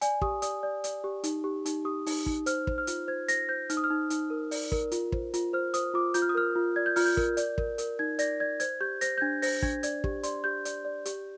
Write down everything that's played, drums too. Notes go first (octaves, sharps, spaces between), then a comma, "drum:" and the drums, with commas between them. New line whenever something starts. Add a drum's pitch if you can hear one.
D5 G#5, drum: hi-hat
G4 D#6, drum: kick
D5 D#6, drum: hi-hat
D5
D5, drum: hi-hat
G4
D#4, drum: hi-hat
G4
D#4, drum: hi-hat
G4 D#6
D#4, drum: open hi-hat
D#4, drum: kick
C5 F6, drum: hi-hat
C5, drum: kick
F6
F4, drum: hi-hat
C5 G#6
C5 A#6, drum: hi-hat
C5 G6
D#4 F6, drum: hi-hat
D#6
F6
D#4
D#4, drum: hi-hat
A#4
D5, drum: open hi-hat
A#4, drum: kick
F4, drum: hi-hat
C5, drum: kick
F4, drum: hi-hat
C5 F6
C5 D#6, drum: hi-hat
F4 D6
F4 G6, drum: hi-hat
F6
D#6
A#4 F6
F4
D5 G#6
G6
F4 F6, drum: open hi-hat
G6
A#4, drum: kick
D5, drum: hi-hat
A#4, drum: kick
A#4, drum: hi-hat
D#4 G#6
D5 A#6, drum: hi-hat
D5 G#6
C5 G#6, drum: hi-hat
G4 G6
C5 A#6, drum: hi-hat
G6
D4 G#6
C5 A#6, drum: open hi-hat
D4 G#6, drum: kick
D5 G#6, drum: hi-hat
G4, drum: kick
D5 C6, drum: hi-hat
G4 G6
D5, drum: hi-hat
D5
G4, drum: hi-hat